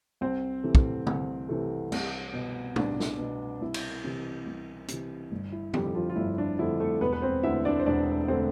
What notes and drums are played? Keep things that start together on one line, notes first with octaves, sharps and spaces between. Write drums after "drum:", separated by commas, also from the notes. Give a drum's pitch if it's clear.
C2 C4 C5
C3 E3 A3
drum: kick
C2, drum: tom
C3 E3 A3
C2, drum: cymbal
B2 B3
C2 D4, drum: tom
drum: snare
B2 B3
C2 E4
drum: cymbal
C3 E3
C2
C3 E3, drum: hi-hat
G1
E4
F2 D3 F3 G3 A3 G4, drum: tom
F3 F4
F4
G1 E4
D4
F2 D3 F3 A3 E4
A3 A4
E1 B3 B4
B4
C4 C5
D2 D3 A3 E4 E5
D4 D5
C5
E1 D4 D5
D3 A3 C4 C5